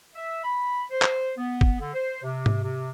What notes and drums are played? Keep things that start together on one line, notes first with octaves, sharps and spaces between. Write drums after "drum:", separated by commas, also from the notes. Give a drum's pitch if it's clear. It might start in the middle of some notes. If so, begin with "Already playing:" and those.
E5
B5
C5
drum: clap
B3
drum: kick
D3
C5
C3
drum: tom G#2
C3